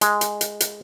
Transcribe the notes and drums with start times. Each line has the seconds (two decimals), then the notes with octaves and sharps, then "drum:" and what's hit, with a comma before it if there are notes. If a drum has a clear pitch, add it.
0.01 G#3, drum: hi-hat
0.21 drum: hi-hat
0.41 drum: hi-hat
0.60 drum: hi-hat